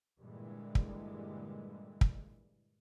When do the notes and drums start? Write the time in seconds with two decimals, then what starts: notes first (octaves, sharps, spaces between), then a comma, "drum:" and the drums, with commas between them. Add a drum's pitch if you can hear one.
0.21 G2 A#2 D3 E3 G3 G#3
0.75 drum: kick
2.01 drum: kick